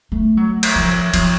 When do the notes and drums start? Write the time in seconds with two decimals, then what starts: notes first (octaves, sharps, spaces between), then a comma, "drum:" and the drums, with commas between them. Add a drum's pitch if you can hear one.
0.12 A3
0.37 F#3
0.63 drum: cymbal
0.76 F3
1.14 F3, drum: cymbal